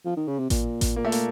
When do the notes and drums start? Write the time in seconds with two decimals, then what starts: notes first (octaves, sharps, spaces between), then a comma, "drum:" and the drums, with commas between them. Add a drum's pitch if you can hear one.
0.05 F3
0.17 D#3
0.28 C#3
0.39 C3
0.50 A#2, drum: kick A1, hi-hat
0.81 drum: kick A1, hi-hat
0.96 A#2 A#3
1.05 A3
1.12 A#3, drum: hi-hat